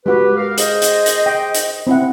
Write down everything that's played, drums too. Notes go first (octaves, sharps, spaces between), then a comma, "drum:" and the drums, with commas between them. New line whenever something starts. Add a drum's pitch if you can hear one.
G#3 F#4 G4 B4
A#4 F5
G#4 C5 D#5, drum: hi-hat
drum: hi-hat
drum: hi-hat
G5
drum: hi-hat
C4 E4 F#5